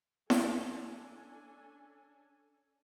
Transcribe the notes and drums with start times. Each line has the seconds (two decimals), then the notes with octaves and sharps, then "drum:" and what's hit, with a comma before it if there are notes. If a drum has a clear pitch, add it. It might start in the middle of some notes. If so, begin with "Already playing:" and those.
0.30 C#4 D4 A4 G#5, drum: snare E4